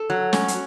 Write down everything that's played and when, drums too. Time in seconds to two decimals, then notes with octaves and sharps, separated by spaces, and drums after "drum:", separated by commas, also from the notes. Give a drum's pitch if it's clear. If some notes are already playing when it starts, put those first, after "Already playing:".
Already playing: A4
0.10 F#3
0.33 C#4, drum: snare
0.48 drum: hi-hat